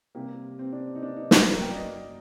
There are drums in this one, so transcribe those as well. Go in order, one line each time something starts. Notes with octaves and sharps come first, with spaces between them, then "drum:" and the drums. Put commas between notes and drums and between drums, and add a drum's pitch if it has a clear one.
C3 G3 A#3 G4
C4
D4
D#4
D4
D#4
F#2 F#3 A#3 A#4, drum: snare
A#4
G5
D5
D#5